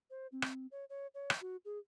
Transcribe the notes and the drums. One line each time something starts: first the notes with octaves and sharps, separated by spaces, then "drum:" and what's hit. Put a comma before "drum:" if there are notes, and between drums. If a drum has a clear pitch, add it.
C5
C4
drum: rim click
C#5
C#5
C#5
drum: rim click
F#4
G#4